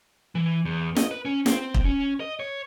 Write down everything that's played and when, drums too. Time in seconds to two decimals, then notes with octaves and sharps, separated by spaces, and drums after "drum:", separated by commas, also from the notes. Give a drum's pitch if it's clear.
0.35 E3
0.65 E2
0.96 D#5, drum: snare
1.11 B4
1.25 C#4
1.46 C4, drum: snare
1.74 drum: kick
1.85 C#4
2.20 D#5
2.40 C#5